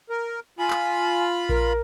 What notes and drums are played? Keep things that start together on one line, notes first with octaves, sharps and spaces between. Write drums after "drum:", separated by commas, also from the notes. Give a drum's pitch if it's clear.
A#4
F4 G#5 B5
drum: clap
A#4, drum: kick A#1